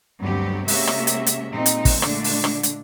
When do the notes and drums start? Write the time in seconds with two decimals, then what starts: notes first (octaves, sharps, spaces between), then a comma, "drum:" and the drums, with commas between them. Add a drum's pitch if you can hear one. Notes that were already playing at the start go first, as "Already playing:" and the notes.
0.21 D2 G2 F#3 B3 C4 G4
0.68 C3 G#3 A#3 C#4 F#4 E5, drum: open hi-hat
0.87 drum: rim click
1.07 drum: hi-hat
1.27 drum: hi-hat
1.53 A#2 G#3 C4 D#4
1.66 drum: hi-hat
1.85 drum: kick, open hi-hat
2.02 A#2 D3 G#3 A3 D4, drum: rim click
2.24 drum: open hi-hat
2.44 drum: rim click
2.63 drum: hi-hat